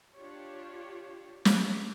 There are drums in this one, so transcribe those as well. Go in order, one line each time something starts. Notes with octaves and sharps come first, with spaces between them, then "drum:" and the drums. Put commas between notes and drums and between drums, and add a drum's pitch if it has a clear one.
D4 F4 G4 C#5
drum: snare